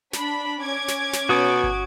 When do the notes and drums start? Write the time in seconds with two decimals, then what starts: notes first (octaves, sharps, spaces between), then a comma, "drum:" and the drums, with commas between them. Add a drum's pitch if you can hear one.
0.13 D4 B5, drum: snare
0.59 C#4 D6 G#6
0.88 drum: snare
1.13 drum: snare
1.29 B2 F#4 D#6
1.63 drum: kick